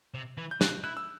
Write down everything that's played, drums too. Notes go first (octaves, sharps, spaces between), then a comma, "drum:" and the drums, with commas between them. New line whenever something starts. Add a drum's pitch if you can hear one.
C3
E3
G6
D4 F#6, drum: snare
E4 F#6
E6